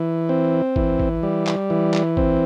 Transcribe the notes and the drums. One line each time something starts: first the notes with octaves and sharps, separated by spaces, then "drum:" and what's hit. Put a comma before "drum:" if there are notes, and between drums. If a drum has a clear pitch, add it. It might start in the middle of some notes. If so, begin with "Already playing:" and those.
Already playing: E3
C4
E3, drum: kick G#1
drum: kick G#1
G3
drum: clap
E3
drum: clap
C4, drum: kick G#1